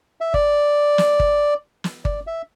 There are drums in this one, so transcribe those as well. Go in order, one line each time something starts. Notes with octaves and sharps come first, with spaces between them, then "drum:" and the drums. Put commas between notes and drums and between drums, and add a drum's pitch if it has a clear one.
E5
D5, drum: kick G1
drum: snare
drum: kick G1
drum: snare
D5, drum: kick G1
E5